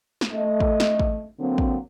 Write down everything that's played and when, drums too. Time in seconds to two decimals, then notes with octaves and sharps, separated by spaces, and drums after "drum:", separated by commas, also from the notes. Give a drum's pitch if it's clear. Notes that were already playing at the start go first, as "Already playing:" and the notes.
0.21 drum: snare
0.32 A3 D#5
0.60 drum: kick
0.80 drum: snare
0.99 drum: kick
1.39 D3 F#3 A#3 C4
1.58 drum: kick